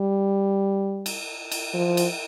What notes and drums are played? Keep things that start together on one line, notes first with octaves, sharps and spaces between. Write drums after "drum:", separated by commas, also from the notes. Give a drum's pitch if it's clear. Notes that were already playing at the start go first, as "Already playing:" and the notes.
Already playing: G3
drum: cymbal
drum: cymbal
F3
drum: cymbal